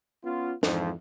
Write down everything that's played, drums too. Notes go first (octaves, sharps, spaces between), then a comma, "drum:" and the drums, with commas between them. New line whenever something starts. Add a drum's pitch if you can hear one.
B3 C#4 F4
F2 G#2 E3 F3, drum: snare